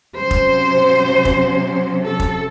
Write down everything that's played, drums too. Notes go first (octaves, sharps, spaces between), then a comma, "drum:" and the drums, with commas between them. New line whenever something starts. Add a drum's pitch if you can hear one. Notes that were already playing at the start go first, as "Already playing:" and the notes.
C3 F#3 C#4 C5
drum: kick
drum: kick
A4
drum: kick